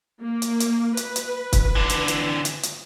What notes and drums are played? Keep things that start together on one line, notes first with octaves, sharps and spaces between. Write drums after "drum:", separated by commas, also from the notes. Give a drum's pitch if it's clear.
A#3
drum: hi-hat
drum: hi-hat
B4, drum: hi-hat
drum: hi-hat
drum: kick, hi-hat
D3 E3
drum: hi-hat
drum: hi-hat
drum: hi-hat
drum: hi-hat